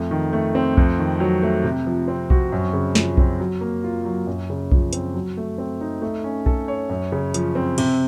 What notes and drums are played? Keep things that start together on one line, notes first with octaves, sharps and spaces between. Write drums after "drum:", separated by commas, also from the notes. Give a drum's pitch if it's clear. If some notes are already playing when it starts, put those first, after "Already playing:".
Already playing: F2 A3
D#3
A3
C4
F2, drum: kick B1
D#3
F#3
A3
C3
F3
C4
F#4, drum: kick B1
F#2
C#3
F3, drum: snare
C4, drum: kick B1
F#3
A#3
F4
F#3
F#2
C#3
F3, drum: kick B1
C4, drum: hi-hat
F#3
A3
C4
D#4
A3
C#4
A4, drum: kick B1
C#5
F#2
C#3
F3, drum: hi-hat
C4
C3, drum: cymbal